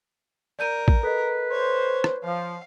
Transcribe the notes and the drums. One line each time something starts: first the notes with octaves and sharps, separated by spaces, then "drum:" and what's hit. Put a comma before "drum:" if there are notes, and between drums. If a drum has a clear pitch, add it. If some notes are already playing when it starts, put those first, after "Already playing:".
A#4 D5 G6 D#7
drum: kick A1
A4 B4 D#5
C5 C#5
drum: rim click
F3 C5 F5